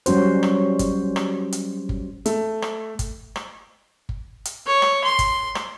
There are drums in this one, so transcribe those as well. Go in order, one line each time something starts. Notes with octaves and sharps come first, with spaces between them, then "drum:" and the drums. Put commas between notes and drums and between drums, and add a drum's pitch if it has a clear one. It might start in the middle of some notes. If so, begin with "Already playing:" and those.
F#3 G3 C#4 F#4 C5, drum: hi-hat
drum: rim click
drum: kick G1, hi-hat
drum: rim click
drum: hi-hat
drum: kick G1
A3, drum: hi-hat
drum: rim click
drum: kick G1, hi-hat
drum: rim click
drum: kick G1
drum: hi-hat
C#5
drum: rim click
C6
drum: kick G1, hi-hat
drum: rim click